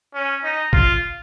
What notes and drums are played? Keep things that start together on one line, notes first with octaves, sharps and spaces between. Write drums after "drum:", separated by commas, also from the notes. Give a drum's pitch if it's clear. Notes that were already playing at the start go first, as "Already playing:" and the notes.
C#4
D#4
F4, drum: kick